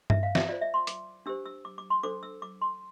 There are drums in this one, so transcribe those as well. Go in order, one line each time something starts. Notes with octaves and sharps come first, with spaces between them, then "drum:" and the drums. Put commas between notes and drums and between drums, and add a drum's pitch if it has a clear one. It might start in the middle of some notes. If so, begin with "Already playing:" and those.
E5, drum: tom G2
F5
E5, drum: snare
F4 C5 D5
E5
C6
D6, drum: hi-hat
D4 G4 C5 E6
E6
D6
D6
C6
D4 A4 C5 D6
E6
D6
C6